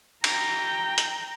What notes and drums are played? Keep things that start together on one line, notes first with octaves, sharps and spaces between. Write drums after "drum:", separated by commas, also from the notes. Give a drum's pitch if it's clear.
G5 A#5, drum: cymbal
drum: hi-hat